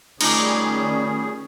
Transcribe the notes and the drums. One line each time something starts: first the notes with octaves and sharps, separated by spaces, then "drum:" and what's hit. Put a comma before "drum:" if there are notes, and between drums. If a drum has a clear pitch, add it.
D#3 G3 A3 C#4 D#4 F4 G#4 D6, drum: cymbal